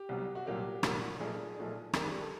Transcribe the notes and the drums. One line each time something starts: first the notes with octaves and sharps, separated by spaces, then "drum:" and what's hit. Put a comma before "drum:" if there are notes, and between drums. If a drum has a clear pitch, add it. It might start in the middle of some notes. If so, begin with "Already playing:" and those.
Already playing: G4
C2 B2 F#3
F#4
C2 A#2 F#3 A#3 G4
C2 A#2 F#3 A#3, drum: rim click
B1 A#2 F3 A3 D4 G#4
B1 A#2 F3 A3 D4
F#2 D#3 G3 C4 A#4, drum: rim click
G#4
G4
A4